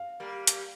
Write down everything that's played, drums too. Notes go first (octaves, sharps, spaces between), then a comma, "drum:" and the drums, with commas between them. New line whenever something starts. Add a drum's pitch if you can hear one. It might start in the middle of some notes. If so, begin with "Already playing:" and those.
Already playing: F5
G3 A#3
drum: hi-hat